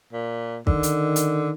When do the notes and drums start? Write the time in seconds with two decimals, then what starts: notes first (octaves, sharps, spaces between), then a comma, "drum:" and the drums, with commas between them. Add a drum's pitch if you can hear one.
0.13 A#2
0.67 D3 D#3, drum: kick
0.83 drum: hi-hat
1.16 drum: hi-hat